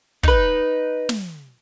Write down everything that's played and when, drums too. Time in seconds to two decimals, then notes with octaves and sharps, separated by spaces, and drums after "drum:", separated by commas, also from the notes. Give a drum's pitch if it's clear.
0.23 D#4 B4, drum: kick
1.09 drum: snare